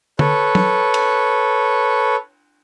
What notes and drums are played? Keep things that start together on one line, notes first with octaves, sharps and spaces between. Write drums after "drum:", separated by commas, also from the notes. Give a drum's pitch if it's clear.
A4 B4 C#5, drum: tom D3
drum: tom F#3
drum: cymbal